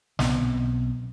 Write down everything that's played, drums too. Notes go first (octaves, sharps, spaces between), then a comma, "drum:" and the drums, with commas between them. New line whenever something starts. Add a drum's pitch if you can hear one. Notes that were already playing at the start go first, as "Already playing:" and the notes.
B1 B3 C4, drum: snare